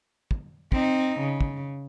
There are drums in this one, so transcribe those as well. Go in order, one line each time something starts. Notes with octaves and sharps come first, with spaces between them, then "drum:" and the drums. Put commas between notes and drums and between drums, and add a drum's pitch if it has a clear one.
drum: kick
C4 D#4, drum: kick
C#3
drum: kick